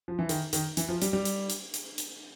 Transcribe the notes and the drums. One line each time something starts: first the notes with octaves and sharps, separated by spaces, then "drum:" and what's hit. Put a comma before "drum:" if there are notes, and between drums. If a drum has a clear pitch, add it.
F3
E3
D#3, drum: hi-hat
D#3, drum: hi-hat
E3, drum: hi-hat
F3
G3, drum: hi-hat
G3
drum: hi-hat
drum: hi-hat
drum: hi-hat
drum: hi-hat